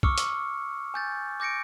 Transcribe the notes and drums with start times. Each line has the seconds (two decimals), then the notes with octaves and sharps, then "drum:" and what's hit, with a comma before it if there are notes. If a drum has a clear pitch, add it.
0.03 C#6 D6 E6 F6 C#7, drum: kick
0.18 drum: hi-hat
0.94 G#5 G6 A6
1.40 D6 G6 A#6 C#7 D7